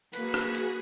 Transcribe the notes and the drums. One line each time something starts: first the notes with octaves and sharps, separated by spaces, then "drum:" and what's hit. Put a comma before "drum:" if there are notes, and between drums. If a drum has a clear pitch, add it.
A#3 F#4 G#4 B4, drum: hi-hat
drum: rim click
drum: hi-hat